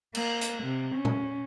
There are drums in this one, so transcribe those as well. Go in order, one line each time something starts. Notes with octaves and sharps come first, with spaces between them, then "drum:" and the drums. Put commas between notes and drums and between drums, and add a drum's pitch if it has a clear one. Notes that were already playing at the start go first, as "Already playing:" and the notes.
A#3, drum: cymbal
drum: hi-hat
C3
C#4
drum: tom A#2